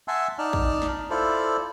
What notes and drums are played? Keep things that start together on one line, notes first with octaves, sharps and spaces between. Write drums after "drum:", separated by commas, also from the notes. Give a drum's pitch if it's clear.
E5 F#5 G#5 A5 C6 E6
D#4 D5 A5 F6
drum: kick
drum: snare
E4 F4 A4 C5 D5